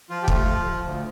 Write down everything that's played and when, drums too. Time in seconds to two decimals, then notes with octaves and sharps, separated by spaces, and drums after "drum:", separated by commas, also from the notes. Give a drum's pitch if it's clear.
0.10 F3 F4
0.23 G4
0.28 A3 F4, drum: kick
0.47 F3
0.65 F3
0.83 D2